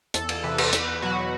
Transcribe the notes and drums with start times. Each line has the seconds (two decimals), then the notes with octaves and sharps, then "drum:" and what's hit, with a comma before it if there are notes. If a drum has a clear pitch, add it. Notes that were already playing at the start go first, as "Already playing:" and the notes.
0.14 E2 A4, drum: hi-hat
0.29 A4, drum: cymbal
0.44 C3 E3 B4
0.58 B4, drum: cymbal
0.67 A4
0.73 E2 B4, drum: hi-hat
1.02 B2 F#3 F#4